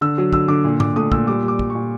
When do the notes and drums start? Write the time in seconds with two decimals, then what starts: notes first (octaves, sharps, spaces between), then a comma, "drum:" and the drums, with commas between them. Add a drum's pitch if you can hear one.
0.01 D3 E6
0.18 F#3
0.33 D3 E6, drum: kick
0.48 D3 D6
0.64 A#2
0.80 A#2 D6, drum: tom G#2
0.96 A3 D#6
1.12 A#2 E6, drum: kick
1.27 G3 D6
1.43 G3 D6
1.59 G3, drum: kick
1.70 C#6
1.75 A#2